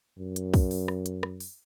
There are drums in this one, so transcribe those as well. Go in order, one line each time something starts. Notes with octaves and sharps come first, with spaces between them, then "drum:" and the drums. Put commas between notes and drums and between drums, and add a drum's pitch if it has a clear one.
F#2
drum: hi-hat
drum: kick, open hi-hat
drum: open hi-hat
drum: rim click
drum: hi-hat
drum: rim click
drum: open hi-hat